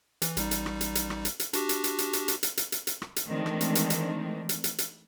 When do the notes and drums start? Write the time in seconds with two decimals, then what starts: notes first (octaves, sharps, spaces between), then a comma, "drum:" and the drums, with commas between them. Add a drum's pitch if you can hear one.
0.22 E3, drum: hi-hat
0.37 A1 G3 D#4, drum: hi-hat
0.51 drum: hi-hat
0.66 drum: rim click
0.81 drum: hi-hat
0.95 drum: hi-hat
1.10 drum: rim click
1.25 drum: hi-hat
1.40 drum: hi-hat
1.53 D4 F#4 G4, drum: hi-hat
1.69 drum: hi-hat
1.84 drum: hi-hat
1.98 drum: hi-hat
2.13 drum: hi-hat
2.28 drum: hi-hat
2.43 drum: hi-hat
2.57 drum: hi-hat
2.72 drum: hi-hat
2.87 drum: hi-hat
3.02 drum: rim click
3.16 drum: hi-hat
3.27 D#3 E3 G#3 A3 C4 D4
3.46 drum: rim click
3.61 drum: hi-hat
3.75 drum: hi-hat
3.90 drum: hi-hat
4.49 drum: hi-hat
4.64 drum: hi-hat
4.78 drum: hi-hat